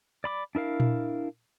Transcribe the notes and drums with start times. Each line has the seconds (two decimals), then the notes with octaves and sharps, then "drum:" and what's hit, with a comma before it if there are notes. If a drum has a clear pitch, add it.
0.24 D5 B5 D6
0.55 D4 E4 A#4 F5
0.80 drum: tom A#2